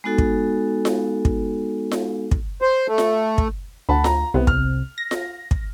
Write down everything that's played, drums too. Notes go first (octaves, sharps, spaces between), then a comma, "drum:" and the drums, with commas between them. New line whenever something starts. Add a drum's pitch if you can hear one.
G#3 B3 D#4 F#4 A4
drum: kick
drum: snare F4
drum: kick
drum: snare F4
drum: kick
C5
A3
drum: snare F4
drum: kick
D2 F#5 A5 B5
A#5, drum: snare F4
C2 C3 B3
F6, drum: kick
A#6
drum: snare F4
drum: kick